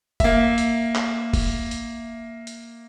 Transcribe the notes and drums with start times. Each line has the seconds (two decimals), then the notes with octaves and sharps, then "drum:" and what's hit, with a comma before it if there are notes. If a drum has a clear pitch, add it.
0.20 A#3 E5, drum: kick F#1, hi-hat
0.58 drum: hi-hat
0.96 drum: clap
1.34 drum: kick F#1, open hi-hat
1.71 drum: hi-hat
2.47 drum: hi-hat